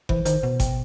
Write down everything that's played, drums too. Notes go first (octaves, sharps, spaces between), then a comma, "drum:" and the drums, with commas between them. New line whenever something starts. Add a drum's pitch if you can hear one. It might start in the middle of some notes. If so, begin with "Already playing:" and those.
E3 C5, drum: kick G1
D#3 C5, drum: hi-hat
B2 C5
G5, drum: kick G1, hi-hat